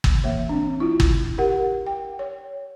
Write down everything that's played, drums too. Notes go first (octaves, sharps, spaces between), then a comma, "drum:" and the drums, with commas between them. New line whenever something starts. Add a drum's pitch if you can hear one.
drum: kick
E3 A#3 E5
C4 D4
E4 F4
drum: kick
G4 A#4 F#5
G5
C#5